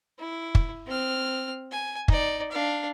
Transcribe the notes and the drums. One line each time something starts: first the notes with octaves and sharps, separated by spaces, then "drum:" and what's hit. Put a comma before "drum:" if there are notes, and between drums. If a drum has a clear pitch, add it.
E4
drum: kick
C4 F6
G#5
D#4 D5, drum: kick
D4 F5